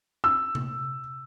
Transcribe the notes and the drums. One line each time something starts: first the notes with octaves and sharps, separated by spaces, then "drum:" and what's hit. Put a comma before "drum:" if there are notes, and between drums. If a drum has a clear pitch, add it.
E6
drum: tom C3